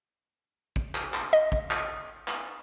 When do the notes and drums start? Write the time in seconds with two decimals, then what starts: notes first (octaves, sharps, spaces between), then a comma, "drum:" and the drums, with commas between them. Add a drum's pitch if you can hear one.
0.76 drum: kick
0.95 drum: clap
1.14 drum: clap
1.33 D#5
1.52 drum: kick
1.71 drum: clap
2.28 drum: clap